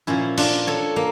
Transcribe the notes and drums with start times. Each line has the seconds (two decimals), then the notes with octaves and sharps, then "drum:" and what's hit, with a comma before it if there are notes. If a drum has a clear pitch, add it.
0.07 A#2 F3 C#4 E4
0.37 D4 F4, drum: cymbal
0.67 A4 C#5
0.96 A#3